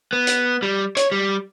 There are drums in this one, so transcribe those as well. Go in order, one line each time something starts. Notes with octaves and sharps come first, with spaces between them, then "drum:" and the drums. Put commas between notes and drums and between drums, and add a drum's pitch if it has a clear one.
B3
drum: hi-hat
G3
C#5, drum: hi-hat
G3